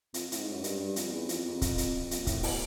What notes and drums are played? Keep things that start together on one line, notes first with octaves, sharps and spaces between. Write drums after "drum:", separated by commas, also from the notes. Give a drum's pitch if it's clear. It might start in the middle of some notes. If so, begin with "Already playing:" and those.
F2, drum: hi-hat
A2, drum: hi-hat
G#2
F#2
G2, drum: hi-hat
G2
F2, drum: hi-hat
E2
F2, drum: hi-hat
F2
drum: kick C#1, hi-hat
drum: hi-hat
F2, drum: hi-hat
A#2
A2, drum: kick C#1, hi-hat
B2, drum: open hi-hat